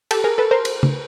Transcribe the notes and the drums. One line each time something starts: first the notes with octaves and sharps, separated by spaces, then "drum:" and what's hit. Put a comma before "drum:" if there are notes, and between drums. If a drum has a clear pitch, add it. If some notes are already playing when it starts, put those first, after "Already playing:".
G4 A4, drum: cymbal
G#4 A#4
A4 B4
A#4 C5
drum: cymbal
drum: tom C#3